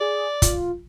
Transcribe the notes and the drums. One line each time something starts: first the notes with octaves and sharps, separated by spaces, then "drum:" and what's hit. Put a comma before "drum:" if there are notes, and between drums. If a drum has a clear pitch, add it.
G#4 D5
F4, drum: kick, hi-hat